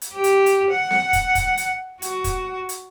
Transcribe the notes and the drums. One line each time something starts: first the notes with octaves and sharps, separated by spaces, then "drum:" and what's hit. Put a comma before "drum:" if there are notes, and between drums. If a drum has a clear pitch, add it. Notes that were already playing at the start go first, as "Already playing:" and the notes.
drum: hi-hat
G4
drum: hi-hat
drum: hi-hat
F#5
drum: snare C4
drum: kick, hi-hat
drum: kick, hi-hat
drum: hi-hat
F#4, drum: hi-hat
drum: kick, hi-hat
drum: hi-hat